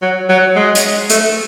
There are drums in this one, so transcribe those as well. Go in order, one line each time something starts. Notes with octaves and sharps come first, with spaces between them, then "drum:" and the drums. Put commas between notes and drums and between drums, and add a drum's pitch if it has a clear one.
F#3
F#3
G#3
drum: hi-hat
A3, drum: hi-hat